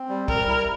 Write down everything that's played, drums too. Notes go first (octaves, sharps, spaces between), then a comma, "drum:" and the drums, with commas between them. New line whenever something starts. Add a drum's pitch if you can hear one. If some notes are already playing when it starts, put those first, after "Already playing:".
Already playing: C4
G3
G3 A#4, drum: kick
E4